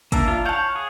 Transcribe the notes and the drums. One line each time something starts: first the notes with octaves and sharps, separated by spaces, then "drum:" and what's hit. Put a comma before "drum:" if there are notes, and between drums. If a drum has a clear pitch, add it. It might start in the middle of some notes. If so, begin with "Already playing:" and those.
A#3 D4 E4 A#5, drum: kick, hi-hat
F4
C#5 F5 F#5 A5 G6
G#4